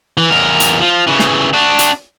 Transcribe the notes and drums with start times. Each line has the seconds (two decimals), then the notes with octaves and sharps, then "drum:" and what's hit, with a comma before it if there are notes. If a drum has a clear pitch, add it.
0.17 E3
0.30 E2 A#4
0.60 drum: hi-hat
0.81 F3
1.07 C#3 E3
1.19 drum: snare
1.54 D4 F#4
1.79 drum: hi-hat